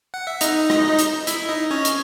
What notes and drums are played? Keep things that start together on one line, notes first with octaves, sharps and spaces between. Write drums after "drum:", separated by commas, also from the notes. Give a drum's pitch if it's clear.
F#5
E5
D#4 D#5, drum: hi-hat
drum: rim click
drum: hi-hat
E4 E5, drum: hi-hat
D#4 D#5
C#4 C#5
drum: hi-hat